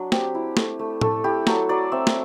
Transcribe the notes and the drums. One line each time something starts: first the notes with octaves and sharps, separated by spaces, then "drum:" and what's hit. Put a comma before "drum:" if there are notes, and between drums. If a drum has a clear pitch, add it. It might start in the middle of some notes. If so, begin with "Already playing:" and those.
Already playing: F#3 D4
C4 G4, drum: snare
E4
A3, drum: snare
A3
A3 A4, drum: tom
E4 G4
F#3 A4, drum: snare
F#3 D5
C4 E5
drum: snare